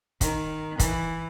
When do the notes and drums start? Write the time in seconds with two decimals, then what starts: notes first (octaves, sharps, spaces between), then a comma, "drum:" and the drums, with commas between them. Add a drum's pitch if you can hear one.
0.21 D#3, drum: kick, hi-hat
0.79 E3, drum: kick, hi-hat